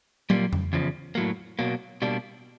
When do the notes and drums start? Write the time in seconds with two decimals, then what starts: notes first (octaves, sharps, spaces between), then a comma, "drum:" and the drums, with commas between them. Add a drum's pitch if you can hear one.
0.30 A#2 G3 A#3, drum: tom
0.53 drum: tom F2
0.73 E2 C#3 F3
1.15 A2 F#3 A#3
1.59 B2 F#3 A#3
2.02 B2 G3 A#3 D4